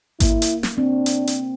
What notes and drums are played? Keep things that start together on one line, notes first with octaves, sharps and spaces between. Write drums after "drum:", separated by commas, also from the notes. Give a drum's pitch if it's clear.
A#3 E4, drum: kick G#1, hi-hat
drum: hi-hat
drum: snare
C4 D4
drum: hi-hat
drum: hi-hat